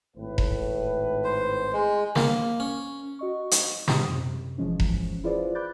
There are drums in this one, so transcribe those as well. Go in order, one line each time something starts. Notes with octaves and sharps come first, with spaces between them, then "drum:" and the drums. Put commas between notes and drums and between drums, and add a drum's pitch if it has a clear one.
G#1 A2 B4
drum: kick E1
C5
G#3
A#3, drum: snare
C#4
F#4 D#5 C#6
drum: hi-hat
A#2 G4 D#6, drum: snare
F#2 C3
G1 E3 F3 G#3 C#4
drum: kick E1
E4 F4 G#4 B4 C5 D5
B5 D6 F#6 G6 A6